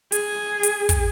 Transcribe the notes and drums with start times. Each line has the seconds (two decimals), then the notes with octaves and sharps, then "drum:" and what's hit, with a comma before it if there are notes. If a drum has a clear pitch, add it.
0.12 G#4, drum: hi-hat
0.63 drum: hi-hat
0.89 drum: kick, hi-hat